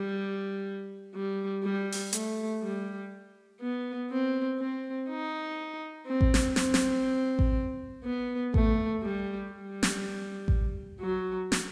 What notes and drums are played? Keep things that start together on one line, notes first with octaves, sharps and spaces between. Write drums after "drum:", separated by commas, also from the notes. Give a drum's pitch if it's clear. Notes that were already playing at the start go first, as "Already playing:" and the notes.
Already playing: G3
G3
G3
drum: open hi-hat
A3, drum: hi-hat
G3
B3
C4
C4
D#4
C4
drum: kick A1
drum: snare
C4, drum: snare
drum: snare
drum: kick A1
B3
A3, drum: kick A1
G3
G3
drum: snare
drum: kick A1
F#3
drum: snare